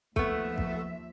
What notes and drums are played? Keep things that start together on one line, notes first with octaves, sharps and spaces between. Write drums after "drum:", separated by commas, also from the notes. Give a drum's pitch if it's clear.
D#2 F3 A3 B3 E5, drum: kick
drum: kick